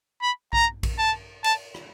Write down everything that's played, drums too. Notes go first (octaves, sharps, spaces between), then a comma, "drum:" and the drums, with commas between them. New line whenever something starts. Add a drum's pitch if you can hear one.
B5
A#5, drum: kick A#1
drum: kick A#1, cymbal
A5
A5, drum: cymbal
drum: rim click